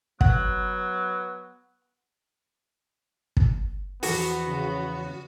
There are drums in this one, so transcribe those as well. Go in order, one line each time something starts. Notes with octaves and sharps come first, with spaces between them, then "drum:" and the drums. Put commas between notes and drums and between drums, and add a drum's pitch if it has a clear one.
F#3 B3 F#5, drum: kick
drum: kick
E2 F3 B3 F#4, drum: open hi-hat
C#3